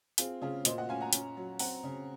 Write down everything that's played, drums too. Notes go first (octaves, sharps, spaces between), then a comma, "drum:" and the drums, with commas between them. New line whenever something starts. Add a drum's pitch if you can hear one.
C4 F4 G#4, drum: hi-hat
C#3 F4 G#4
A#2 C5 D#5, drum: hi-hat
D#5 F#5
C#4 F5 G#5
F#5 A#5
C#4, drum: hi-hat
F#3
C4 F#5 A#5, drum: open hi-hat
C#3